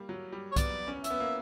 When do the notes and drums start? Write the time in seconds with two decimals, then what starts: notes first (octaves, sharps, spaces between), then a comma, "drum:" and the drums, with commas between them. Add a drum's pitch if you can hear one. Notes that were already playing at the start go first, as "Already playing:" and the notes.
Already playing: G3 A#3
0.09 F#3
0.32 G3
0.51 C#5
0.56 B3 D5, drum: kick B1, hi-hat
0.88 C#4
1.04 E5, drum: hi-hat
1.10 B3
1.20 A#3